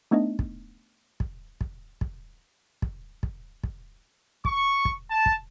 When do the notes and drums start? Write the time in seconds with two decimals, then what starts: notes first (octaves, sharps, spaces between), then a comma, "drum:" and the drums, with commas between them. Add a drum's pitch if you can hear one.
0.11 A3 B3 D4 D#4 D#5
0.39 drum: kick
1.20 drum: kick
1.61 drum: kick
2.01 drum: kick
2.82 drum: kick
3.23 drum: kick
3.63 drum: kick
4.45 C#6, drum: kick
4.85 drum: kick
5.10 A5
5.26 drum: kick